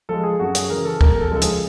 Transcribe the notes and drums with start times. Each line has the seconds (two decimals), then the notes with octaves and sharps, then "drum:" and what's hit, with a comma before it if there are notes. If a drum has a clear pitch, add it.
0.09 F3 G#3 A4
0.24 G#4
0.39 F#2 F#4
0.55 G#4, drum: hi-hat
0.70 C#3 E3 A#4
0.85 A4
1.01 E2 A#4, drum: kick
1.21 A4
1.31 C#3 F3 G#3 A4
1.41 G#4, drum: hi-hat